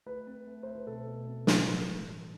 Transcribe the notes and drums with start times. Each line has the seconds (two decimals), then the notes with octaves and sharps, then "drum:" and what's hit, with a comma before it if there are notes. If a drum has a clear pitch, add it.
0.06 A3 B4
0.27 C4
0.47 A3
0.63 A3 C5
0.75 B4
0.87 B2 A4
1.07 B2
1.27 C4
1.47 B2, drum: snare
1.67 A2
1.87 E3
2.07 G3